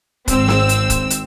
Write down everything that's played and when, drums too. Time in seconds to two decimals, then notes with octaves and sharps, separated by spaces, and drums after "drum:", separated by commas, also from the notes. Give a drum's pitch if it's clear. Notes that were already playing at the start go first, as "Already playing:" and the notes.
0.28 G#1 C4 E6, drum: kick, hi-hat
0.48 drum: snare
0.69 drum: hi-hat
0.90 drum: kick, hi-hat
1.10 drum: hi-hat